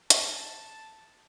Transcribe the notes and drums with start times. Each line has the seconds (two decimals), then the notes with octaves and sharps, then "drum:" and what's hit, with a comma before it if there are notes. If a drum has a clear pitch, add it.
0.10 A5, drum: hi-hat